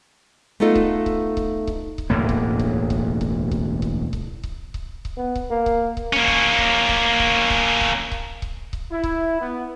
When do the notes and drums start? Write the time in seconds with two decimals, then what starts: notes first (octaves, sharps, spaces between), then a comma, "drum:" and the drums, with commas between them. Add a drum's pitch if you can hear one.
0.60 A3 B3 D#4 F4 A4 D#5
0.75 drum: kick C#1
1.06 drum: kick C#1
1.37 drum: kick C#1
1.67 drum: kick C#1
1.98 drum: kick C#1
2.10 E1 D2 A2 A#3
2.29 drum: kick C#1
2.59 drum: kick C#1
2.90 drum: kick C#1
3.21 drum: kick C#1
3.51 drum: kick C#1
3.82 drum: kick C#1
4.13 drum: kick C#1
4.43 drum: kick C#1
4.74 drum: kick C#1
5.05 drum: kick C#1
5.17 B3
5.35 drum: kick C#1
5.51 A#3
5.66 drum: kick C#1
5.97 drum: kick C#1
6.13 A#3 C#4
6.27 drum: kick C#1
6.58 drum: kick C#1
6.89 drum: kick C#1
7.19 drum: kick C#1
7.50 drum: kick C#1
7.81 drum: kick C#1
8.11 drum: kick C#1
8.42 drum: kick C#1
8.73 drum: kick C#1
8.91 E4
9.03 drum: kick C#1
9.40 B3